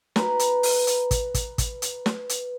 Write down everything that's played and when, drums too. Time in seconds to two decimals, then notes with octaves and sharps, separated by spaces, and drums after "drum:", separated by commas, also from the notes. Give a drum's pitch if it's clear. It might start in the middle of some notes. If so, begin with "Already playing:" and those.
0.16 B4 A#5 B5, drum: snare
0.39 drum: hi-hat
0.63 drum: open hi-hat
0.87 drum: hi-hat
1.11 drum: kick, hi-hat
1.34 drum: kick, hi-hat
1.58 drum: kick, hi-hat
1.82 drum: hi-hat
2.06 drum: snare
2.29 drum: hi-hat